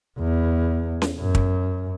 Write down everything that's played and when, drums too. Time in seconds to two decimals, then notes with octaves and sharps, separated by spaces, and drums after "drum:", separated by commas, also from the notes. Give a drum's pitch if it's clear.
0.19 E2
1.02 drum: snare C#4
1.18 F#2
1.35 drum: kick